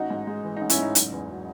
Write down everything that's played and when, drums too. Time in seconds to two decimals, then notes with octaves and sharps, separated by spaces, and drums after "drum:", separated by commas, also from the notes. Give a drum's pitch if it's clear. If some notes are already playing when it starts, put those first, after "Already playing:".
Already playing: A1 D#4 F#4
0.10 G#2
0.27 G#3
0.44 E3
0.57 D#4
0.61 A1
0.70 C#4 E4, drum: hi-hat
0.78 G#2 D#4
0.95 F#1, drum: hi-hat
1.12 E2
1.30 F#3